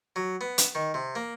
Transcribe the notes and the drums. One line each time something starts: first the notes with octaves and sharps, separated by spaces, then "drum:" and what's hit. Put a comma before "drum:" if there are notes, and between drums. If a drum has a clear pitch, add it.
F#3
B3
drum: hi-hat
D#3
C3
A#3